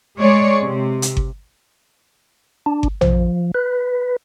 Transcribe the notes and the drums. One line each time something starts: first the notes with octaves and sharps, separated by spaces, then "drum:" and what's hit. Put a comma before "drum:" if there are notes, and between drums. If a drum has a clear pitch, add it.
G#3 C#5 D5
C3
drum: hi-hat
drum: kick G1
D4
drum: kick G1
F3, drum: tom
B4